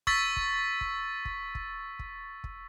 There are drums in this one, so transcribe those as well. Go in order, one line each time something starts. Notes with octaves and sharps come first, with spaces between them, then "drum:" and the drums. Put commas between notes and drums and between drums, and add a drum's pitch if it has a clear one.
C#6 E6 A6 B6, drum: kick
drum: kick
drum: kick
drum: kick
drum: kick
drum: kick
drum: kick